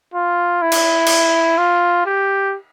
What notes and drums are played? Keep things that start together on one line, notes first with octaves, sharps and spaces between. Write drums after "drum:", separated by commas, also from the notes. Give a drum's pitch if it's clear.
F4
E4
drum: cymbal
drum: cymbal
F4
G4